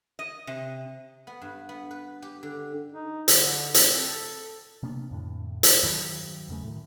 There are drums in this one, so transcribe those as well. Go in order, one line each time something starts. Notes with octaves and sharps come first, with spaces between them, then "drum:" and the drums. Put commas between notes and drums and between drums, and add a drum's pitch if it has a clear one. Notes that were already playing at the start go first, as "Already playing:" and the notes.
D#5
C3
B3
G2
B3
B4
G4
D3
D#4
D3, drum: hi-hat
C4, drum: hi-hat
A4
C3 A#3 B3 D4
F2 A2 D3
drum: hi-hat
G2 D#3 F#3
E2 C#3 A3
A2 D#3